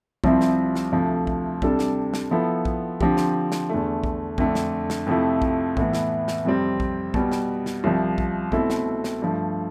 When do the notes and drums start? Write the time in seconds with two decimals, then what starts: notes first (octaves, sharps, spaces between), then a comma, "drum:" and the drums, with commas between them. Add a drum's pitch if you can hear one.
0.24 C2 C3 F3 C4 E4, drum: kick A#1
0.41 drum: snare
0.75 drum: snare
0.92 D2 C3 F3 A3
1.27 drum: kick A#1
1.62 C3 G3 D4 A4, drum: kick A#1
1.79 drum: snare
2.14 drum: snare
2.31 F3 B3 E4 A4
2.65 drum: kick A#1
3.01 D3 F3 C4 G4, drum: kick A#1
3.17 drum: snare
3.52 drum: snare
3.69 E2 D3 A3
4.04 drum: kick A#1
4.38 F2 D3 A3 D4, drum: kick A#1
4.55 drum: snare
4.90 drum: snare
5.07 F2 C3 F3 A3 E4
5.42 drum: kick A#1
5.77 A2 E3 B3, drum: kick A#1
5.93 drum: snare
6.28 drum: snare
6.45 F2 C3 G3 C4
6.80 drum: kick A#1
7.14 B2 G3 B3, drum: kick A#1
7.32 drum: snare
7.66 drum: snare
7.84 C2 C3 F3
8.18 drum: kick A#1
8.52 B2 A3 C4 E4 A4, drum: kick A#1
8.70 drum: snare
9.04 drum: snare
9.22 G2 F3 A3